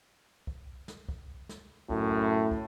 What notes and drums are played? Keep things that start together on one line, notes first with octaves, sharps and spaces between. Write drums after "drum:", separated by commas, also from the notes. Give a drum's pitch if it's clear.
drum: kick
drum: snare
drum: kick
drum: snare
F#2 A2, drum: kick
drum: kick